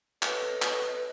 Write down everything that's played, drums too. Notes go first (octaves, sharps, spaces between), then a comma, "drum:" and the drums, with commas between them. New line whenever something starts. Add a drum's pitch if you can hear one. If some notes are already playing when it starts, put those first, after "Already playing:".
A4 B4 C#5 D#5, drum: clap
drum: hi-hat
drum: clap
drum: hi-hat